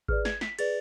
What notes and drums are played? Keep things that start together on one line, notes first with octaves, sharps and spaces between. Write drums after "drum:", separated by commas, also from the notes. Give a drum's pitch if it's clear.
G#4 B4 D5 F6, drum: kick G#1
G#6, drum: snare
B6, drum: snare
G#4 B4 D5 A6, drum: cymbal